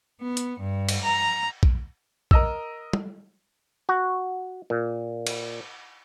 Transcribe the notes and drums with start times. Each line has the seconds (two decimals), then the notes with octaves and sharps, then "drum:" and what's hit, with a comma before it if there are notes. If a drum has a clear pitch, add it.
0.20 B3
0.37 drum: hi-hat
0.60 G2
0.89 drum: cymbal
1.02 A#5
1.63 drum: kick A#1
2.31 A#4 D#5 E6, drum: kick A#1
2.93 drum: tom G3
3.89 F#4
4.70 A#2
5.27 drum: cymbal